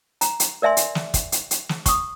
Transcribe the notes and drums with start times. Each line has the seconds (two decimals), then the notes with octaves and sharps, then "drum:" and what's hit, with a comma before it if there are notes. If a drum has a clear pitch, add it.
0.21 A#5, drum: hi-hat
0.40 drum: hi-hat
0.62 A#4 D5 E5 G#5 C6
0.77 drum: hi-hat
0.95 drum: snare
1.14 drum: kick, hi-hat
1.32 drum: hi-hat
1.51 drum: hi-hat
1.69 drum: snare
1.86 C#6 D#6, drum: kick, hi-hat